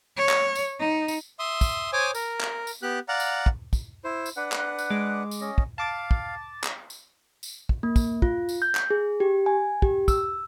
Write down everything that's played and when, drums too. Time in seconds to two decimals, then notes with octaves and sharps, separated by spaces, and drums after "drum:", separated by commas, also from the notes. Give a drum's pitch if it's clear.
0.17 C#5
0.29 drum: clap
0.55 drum: tambourine
0.80 D#4
1.08 drum: tambourine
1.39 E5 C6 D#6
1.61 drum: kick, tambourine
1.93 C5 C#5 G#5 D6 D#6
2.15 A#4, drum: tambourine
2.41 drum: clap
2.67 drum: tambourine
2.83 B3 G4 F#6
3.09 D5 F5 F#5 A#5
3.20 drum: tambourine
3.46 drum: kick
3.73 drum: kick, tambourine
4.04 E4 C5
4.26 drum: tambourine
4.37 D4 B4 F#5
4.52 drum: clap
4.78 drum: tambourine
4.90 G#3 D6
5.31 drum: tambourine
5.41 C#4 D#5
5.58 drum: kick
5.78 F5 A5 D6 A6
6.11 drum: kick
6.64 drum: clap
6.90 drum: tambourine
7.43 drum: tambourine
7.69 drum: kick
7.83 A#3
7.96 drum: kick, tambourine
8.22 F4, drum: kick
8.49 drum: tambourine
8.62 G6
8.75 drum: clap
8.90 G#4
9.20 G4
9.46 G#5
9.82 G4, drum: kick
10.08 E6, drum: kick, tambourine